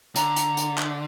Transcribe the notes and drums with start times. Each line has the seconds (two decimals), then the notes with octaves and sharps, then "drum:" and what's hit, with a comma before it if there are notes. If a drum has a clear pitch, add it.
0.16 D3 A#5, drum: hi-hat
0.36 drum: hi-hat
0.57 drum: hi-hat
0.78 drum: clap